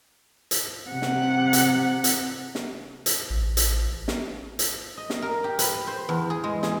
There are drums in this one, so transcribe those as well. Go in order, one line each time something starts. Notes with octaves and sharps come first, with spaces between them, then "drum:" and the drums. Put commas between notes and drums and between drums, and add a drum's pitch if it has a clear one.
drum: hi-hat
C3 F#5
drum: snare
drum: hi-hat
drum: hi-hat
drum: snare
drum: hi-hat
A1
drum: hi-hat
drum: snare
drum: hi-hat
D#5
drum: snare
A#4
G4
B4, drum: hi-hat
C5
E2
G#4
G#3
G#4, drum: snare